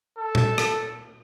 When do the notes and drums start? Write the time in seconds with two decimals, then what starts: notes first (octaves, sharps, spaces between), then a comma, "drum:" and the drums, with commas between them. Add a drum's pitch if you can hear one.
0.18 A4
0.35 drum: tom A#2
0.58 drum: rim click